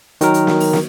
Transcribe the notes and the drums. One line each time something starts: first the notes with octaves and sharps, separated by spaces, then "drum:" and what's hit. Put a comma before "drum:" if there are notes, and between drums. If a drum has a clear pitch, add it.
D#3 F#3 A#4, drum: hi-hat
drum: hi-hat
drum: snare
drum: open hi-hat
drum: snare